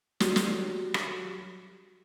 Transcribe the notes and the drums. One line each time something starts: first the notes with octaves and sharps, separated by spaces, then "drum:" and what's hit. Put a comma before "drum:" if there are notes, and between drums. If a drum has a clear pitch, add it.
F#3 G3, drum: snare
drum: snare
drum: rim click